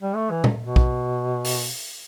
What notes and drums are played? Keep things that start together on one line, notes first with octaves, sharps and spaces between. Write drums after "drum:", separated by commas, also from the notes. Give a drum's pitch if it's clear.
G3
A3
E3
drum: tom
B2
drum: kick
drum: open hi-hat